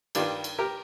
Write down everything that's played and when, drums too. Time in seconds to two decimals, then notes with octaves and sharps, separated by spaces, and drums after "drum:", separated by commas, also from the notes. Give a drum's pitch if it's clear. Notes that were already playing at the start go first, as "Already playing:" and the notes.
0.15 G2 D#3 G3 D4 F4, drum: cymbal
0.44 drum: cymbal
0.58 G4 A#4